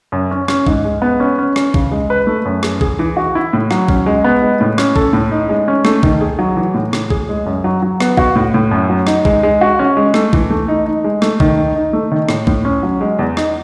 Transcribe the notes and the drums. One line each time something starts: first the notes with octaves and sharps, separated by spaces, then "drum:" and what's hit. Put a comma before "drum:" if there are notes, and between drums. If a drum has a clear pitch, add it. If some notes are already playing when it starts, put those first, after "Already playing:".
F#2
C#4
C#4, drum: rim click
G#2, drum: kick A#1
G#3
B3
C#4
C#4
C#4, drum: rim click
C#3, drum: kick A#1
G#3
B4
A3
F#2
G#4, drum: rim click
G#4, drum: kick A#1
E3
F#4
E4
A2
F#3, drum: rim click
C#4, drum: kick A#1
G#3
B3
G#3
A2
C#4, drum: rim click
A4, drum: kick A#1
A2
D#4
G#3
C#4
A3, drum: rim click
D#3, drum: kick A#1
G#4
F#3
E3
A2
A2, drum: rim click
G#4, drum: kick A#1
G#3
F#2
F#3
F#3
B3, drum: rim click
F#4, drum: kick A#1
A2
A2
F#2
F#3
D#4, drum: rim click
G#3, drum: kick A#1
G#3
F#4
C#4
G#3
A3, drum: rim click
E3, drum: kick A#1
A3
D#4
D#4
G#3
A3, drum: rim click
D#3, drum: kick A#1
D#4
D#4
A3
D#3
A2, drum: rim click
A2, drum: kick A#1
C#4
F#3
G#3
E2
D#4, drum: rim click